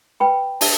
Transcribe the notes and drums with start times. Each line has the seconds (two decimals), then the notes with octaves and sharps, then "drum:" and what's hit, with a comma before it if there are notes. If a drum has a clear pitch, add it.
0.20 B4 G5 B5
0.61 D4 E5 A5, drum: open hi-hat